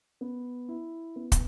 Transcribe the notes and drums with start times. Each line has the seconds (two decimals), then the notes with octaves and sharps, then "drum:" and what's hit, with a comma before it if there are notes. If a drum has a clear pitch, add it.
0.21 B3
0.69 E4
1.16 B3
1.32 drum: kick, hi-hat